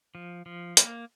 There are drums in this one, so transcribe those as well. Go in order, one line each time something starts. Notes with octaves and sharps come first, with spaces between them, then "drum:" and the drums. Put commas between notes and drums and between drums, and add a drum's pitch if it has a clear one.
F3
F3
A#3, drum: hi-hat